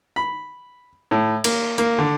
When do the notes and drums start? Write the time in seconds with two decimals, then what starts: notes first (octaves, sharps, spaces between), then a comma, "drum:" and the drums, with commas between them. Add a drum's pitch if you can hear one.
0.16 B5
1.11 A2
1.44 A#3, drum: cymbal
1.78 A#3, drum: hi-hat
1.98 D3